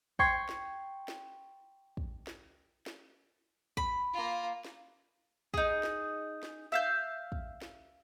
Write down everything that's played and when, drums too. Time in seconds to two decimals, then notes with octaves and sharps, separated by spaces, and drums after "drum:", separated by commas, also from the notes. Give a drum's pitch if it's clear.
0.19 G5 C6 C#6 G#6 C7, drum: kick
0.49 drum: snare
1.08 drum: snare
1.97 drum: kick
2.27 drum: snare
2.86 drum: snare
3.77 B5, drum: kick
4.13 A#3 F4
4.65 drum: snare
5.54 D#4 G#4, drum: kick
5.83 drum: snare
6.43 drum: snare
6.72 E5 F5 G6
7.32 drum: kick
7.62 drum: snare